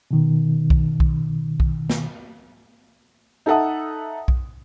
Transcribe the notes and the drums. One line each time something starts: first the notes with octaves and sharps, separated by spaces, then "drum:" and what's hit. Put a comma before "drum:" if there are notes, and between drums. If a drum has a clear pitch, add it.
B2 D#3
drum: kick B1
drum: kick B1
drum: kick B1
drum: snare
D#4 A4 E5 F#5 A5 D#6
drum: kick B1